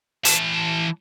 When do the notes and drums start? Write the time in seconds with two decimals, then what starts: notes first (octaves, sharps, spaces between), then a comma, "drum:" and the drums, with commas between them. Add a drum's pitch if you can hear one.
0.25 E3 A5, drum: hi-hat